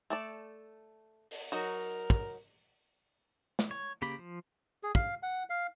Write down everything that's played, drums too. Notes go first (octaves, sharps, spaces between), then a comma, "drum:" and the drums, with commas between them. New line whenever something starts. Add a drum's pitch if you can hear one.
A3 A4 D5
drum: open hi-hat
F#3 D#4 F#4 A#4
drum: kick
drum: snare
C#5
C#3 A#3 G4 B5, drum: tambourine
F3
G#4
F5, drum: kick
F#5
F5